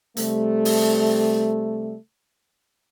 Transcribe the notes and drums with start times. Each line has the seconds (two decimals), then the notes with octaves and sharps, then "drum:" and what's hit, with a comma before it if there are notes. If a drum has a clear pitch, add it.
0.17 C3 G3 A3, drum: hi-hat
0.65 drum: open hi-hat